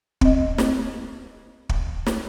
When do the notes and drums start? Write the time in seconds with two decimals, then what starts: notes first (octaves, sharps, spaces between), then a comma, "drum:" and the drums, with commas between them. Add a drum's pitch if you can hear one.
0.21 C4 D#5, drum: kick
0.58 drum: snare
1.69 drum: kick
2.06 drum: snare